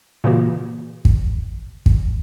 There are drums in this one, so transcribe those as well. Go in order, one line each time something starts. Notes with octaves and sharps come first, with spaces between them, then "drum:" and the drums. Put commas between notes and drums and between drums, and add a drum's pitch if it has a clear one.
A#2 C#3 E3 A#3 F#4
drum: kick
drum: kick